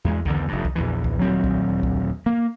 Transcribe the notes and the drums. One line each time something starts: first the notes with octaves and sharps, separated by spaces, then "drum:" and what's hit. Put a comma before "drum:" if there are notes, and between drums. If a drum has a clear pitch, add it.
E2 G#3
E2 D3 D#3, drum: kick C2
F1 G2
drum: kick C2
A#1 E2 E3
drum: kick C2
D#1 D2 F#3 C4
drum: kick C2
drum: kick C2
A#3